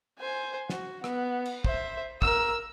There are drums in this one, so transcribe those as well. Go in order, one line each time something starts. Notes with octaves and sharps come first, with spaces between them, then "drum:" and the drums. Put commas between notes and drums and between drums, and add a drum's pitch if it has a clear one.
C5 G#5
F#4, drum: snare
B3, drum: rim click
drum: cymbal
C5 E5, drum: kick
A#4 E6, drum: kick